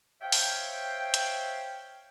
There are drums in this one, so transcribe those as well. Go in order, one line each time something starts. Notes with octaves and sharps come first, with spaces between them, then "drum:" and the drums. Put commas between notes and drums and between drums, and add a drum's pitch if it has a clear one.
C5 C#5 E5 F5 G5
drum: open hi-hat
drum: hi-hat